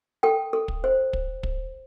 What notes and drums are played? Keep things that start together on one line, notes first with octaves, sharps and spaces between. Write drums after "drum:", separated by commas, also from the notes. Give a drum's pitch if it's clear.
A4 G5
A4
drum: kick
C5
drum: kick
drum: kick